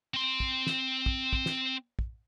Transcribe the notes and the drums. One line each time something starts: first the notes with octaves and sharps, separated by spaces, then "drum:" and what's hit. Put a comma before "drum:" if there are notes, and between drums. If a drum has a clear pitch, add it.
C4 C6
drum: kick
drum: snare
drum: kick
drum: kick
drum: snare
drum: kick